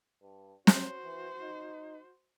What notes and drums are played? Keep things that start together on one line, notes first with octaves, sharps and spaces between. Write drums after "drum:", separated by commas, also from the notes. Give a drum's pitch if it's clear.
G2
C#4 F#4 C5, drum: snare
E3
D#4